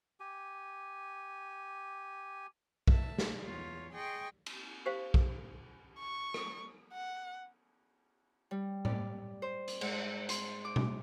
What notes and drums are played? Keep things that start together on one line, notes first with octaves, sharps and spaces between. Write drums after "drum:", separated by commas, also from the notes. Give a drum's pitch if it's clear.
G4 G#5
E5 A5, drum: kick B1
drum: snare
E2 F4 C#5
G#4 D#5 G5 C6 C#6
drum: cymbal
G4 C5 F5
drum: kick B1
C#6
drum: rim click
F#5
G3
D5, drum: tom A2
C5
drum: hi-hat
G#2, drum: cymbal
C6, drum: hi-hat
D6
drum: tom B2